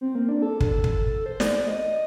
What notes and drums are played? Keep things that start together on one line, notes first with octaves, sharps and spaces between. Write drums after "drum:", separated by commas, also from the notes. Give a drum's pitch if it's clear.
C4
A#3
D4
A4
drum: kick
drum: kick
C5
D5, drum: snare
D5
D#5